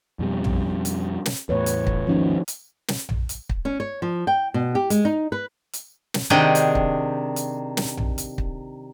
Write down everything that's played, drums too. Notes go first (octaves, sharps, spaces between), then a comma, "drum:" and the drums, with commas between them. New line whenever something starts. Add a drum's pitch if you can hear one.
F2 B2 G3
drum: tom A#1
drum: hi-hat
drum: snare
E2 A2 B4 C#5
drum: hi-hat
drum: kick
G#1 D#2 F3 C#4 D#4 F#4
drum: hi-hat
drum: snare
drum: tom A#1
drum: hi-hat
drum: kick
C#4
C#5
F3
G5
B2
G4
G#3, drum: hi-hat
D#4
B4
drum: hi-hat
drum: snare
C3 D#3 D4 G#4 F#5 G5
drum: hi-hat
drum: kick
drum: hi-hat
drum: snare
drum: tom A#1
drum: hi-hat
drum: kick